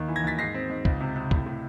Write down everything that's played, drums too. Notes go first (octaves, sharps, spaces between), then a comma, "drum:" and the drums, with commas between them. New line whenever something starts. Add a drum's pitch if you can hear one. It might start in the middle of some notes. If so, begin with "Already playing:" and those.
Already playing: D#2 D#3
E3
G#6 A#6
D#2 A6 B6
G#2 A#6 C7
C4
G#2
C#2, drum: kick
C3
C3
A2, drum: kick
A2